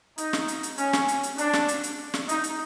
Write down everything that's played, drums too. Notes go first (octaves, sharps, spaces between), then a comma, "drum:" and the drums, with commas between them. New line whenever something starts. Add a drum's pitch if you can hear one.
D#4, drum: hi-hat
drum: snare
drum: hi-hat
drum: hi-hat
C#4, drum: hi-hat
drum: snare
drum: hi-hat
drum: hi-hat
D4, drum: hi-hat
drum: snare
drum: hi-hat
drum: hi-hat
drum: snare
D#4, drum: hi-hat
drum: hi-hat